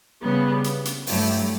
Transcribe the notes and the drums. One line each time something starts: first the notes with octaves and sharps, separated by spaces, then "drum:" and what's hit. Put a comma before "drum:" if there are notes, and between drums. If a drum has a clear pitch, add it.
C#3 G3 B3
drum: hi-hat
drum: hi-hat
G2 F#3 A3 E4 G4, drum: open hi-hat